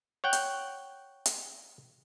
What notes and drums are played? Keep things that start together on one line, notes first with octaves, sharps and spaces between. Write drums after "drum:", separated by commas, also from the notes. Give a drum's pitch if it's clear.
C#5 F#5 G5
drum: hi-hat
drum: hi-hat